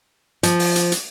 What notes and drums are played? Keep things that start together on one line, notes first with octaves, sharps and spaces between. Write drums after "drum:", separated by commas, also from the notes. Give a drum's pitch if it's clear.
F3, drum: hi-hat
drum: open hi-hat
drum: hi-hat
drum: hi-hat